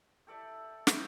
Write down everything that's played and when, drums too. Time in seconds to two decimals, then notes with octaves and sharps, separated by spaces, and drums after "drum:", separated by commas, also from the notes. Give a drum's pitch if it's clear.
0.27 G4 A4 D5 E5
0.87 C4 D#4 E4 C#5, drum: snare